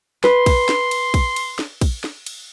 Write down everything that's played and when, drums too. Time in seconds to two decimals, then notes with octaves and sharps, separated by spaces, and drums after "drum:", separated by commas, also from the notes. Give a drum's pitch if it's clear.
0.24 B4 C6, drum: snare
0.46 drum: kick, cymbal
0.69 drum: snare
0.91 drum: cymbal
1.14 drum: kick, cymbal
1.36 drum: cymbal
1.59 drum: snare
1.81 drum: kick, cymbal
2.04 drum: snare
2.26 drum: cymbal